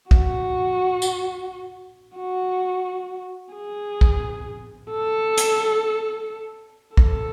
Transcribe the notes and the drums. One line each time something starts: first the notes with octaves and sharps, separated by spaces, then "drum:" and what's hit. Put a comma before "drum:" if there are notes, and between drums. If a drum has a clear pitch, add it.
F#4, drum: kick
drum: tambourine
F#4
G#4
drum: kick
A4
drum: hi-hat
A4, drum: kick